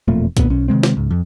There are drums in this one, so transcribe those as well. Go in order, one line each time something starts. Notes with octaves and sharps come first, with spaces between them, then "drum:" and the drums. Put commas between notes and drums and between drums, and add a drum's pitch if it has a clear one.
E1 F2 A#2 A3
D2 A#2 G#3 B3, drum: kick B1, hi-hat
B1 C#4
C3 D#3 G#3 C4
drum: snare
C#2 G#2
F2